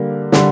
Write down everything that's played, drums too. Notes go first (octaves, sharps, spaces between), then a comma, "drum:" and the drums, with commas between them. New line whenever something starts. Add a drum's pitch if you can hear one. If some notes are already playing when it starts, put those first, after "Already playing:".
Already playing: D3 G3 A#3
D3 G3, drum: snare